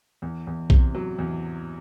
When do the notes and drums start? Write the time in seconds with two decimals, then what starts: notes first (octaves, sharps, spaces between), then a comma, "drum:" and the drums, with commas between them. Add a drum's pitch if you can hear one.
0.22 E2
0.47 E2
0.70 C3, drum: kick A#1
0.95 F#3
1.18 E2